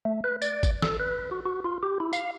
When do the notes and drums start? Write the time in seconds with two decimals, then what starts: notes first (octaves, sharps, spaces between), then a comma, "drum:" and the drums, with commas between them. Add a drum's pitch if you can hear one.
0.05 A3
0.24 B4
0.42 D5, drum: tambourine
0.63 drum: kick G#1, tambourine
0.82 A4, drum: snare
1.00 B4
1.31 F#4
1.45 F#4
1.64 F4
1.83 G4
2.00 E4
2.13 F5, drum: tambourine